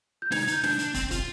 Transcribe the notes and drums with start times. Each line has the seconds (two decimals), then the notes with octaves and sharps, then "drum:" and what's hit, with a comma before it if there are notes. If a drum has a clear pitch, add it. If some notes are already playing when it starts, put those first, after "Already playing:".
0.22 G6
0.32 D#4 G#6, drum: snare
0.43 G#6
0.48 D#4 G6, drum: hi-hat
0.63 D4 G6, drum: snare
0.79 D4, drum: hi-hat
0.94 C4, drum: kick, hi-hat
1.11 F4, drum: kick, hi-hat